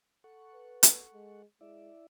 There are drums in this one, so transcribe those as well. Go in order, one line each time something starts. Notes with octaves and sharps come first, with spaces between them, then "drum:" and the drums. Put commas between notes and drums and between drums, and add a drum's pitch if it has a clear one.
A4 F#5 C#6
B4
drum: hi-hat
G#3
G#3 E4 D5 E5